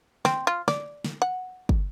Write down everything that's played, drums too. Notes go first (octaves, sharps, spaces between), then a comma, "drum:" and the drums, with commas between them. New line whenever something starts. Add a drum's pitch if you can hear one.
C4, drum: snare
F4
D5, drum: snare
drum: snare
F#5
drum: kick